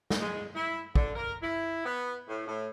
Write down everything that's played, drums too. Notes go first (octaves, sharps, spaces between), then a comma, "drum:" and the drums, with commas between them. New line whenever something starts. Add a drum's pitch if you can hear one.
drum: snare
G#3
E4
D3, drum: kick
A#4
E4
B3
A2
A2